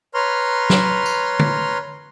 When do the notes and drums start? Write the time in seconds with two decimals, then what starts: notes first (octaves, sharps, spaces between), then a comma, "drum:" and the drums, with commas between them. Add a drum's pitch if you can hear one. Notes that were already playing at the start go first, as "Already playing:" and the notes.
0.14 B4 C#5 A#5 C6 F6
0.70 drum: snare
1.06 drum: tambourine
1.39 drum: tom D3